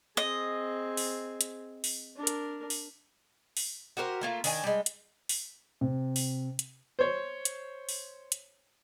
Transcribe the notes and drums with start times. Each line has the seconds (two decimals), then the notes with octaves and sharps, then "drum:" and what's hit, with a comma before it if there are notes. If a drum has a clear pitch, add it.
0.17 C4 G#4 D#5
0.97 drum: open hi-hat
1.41 drum: hi-hat
1.84 drum: open hi-hat
2.16 D4 A#4
2.27 drum: hi-hat
2.70 drum: open hi-hat
3.57 drum: open hi-hat
3.97 F#4 G4 A#4 C5
4.21 A3 A#3 F4
4.44 D#3 D4 G#5, drum: open hi-hat
4.64 G3 G#3
4.86 drum: hi-hat
5.29 drum: open hi-hat
5.81 C3
6.16 drum: open hi-hat
6.59 drum: hi-hat
6.99 C5 C#5
7.45 drum: hi-hat
7.89 drum: open hi-hat
8.32 drum: hi-hat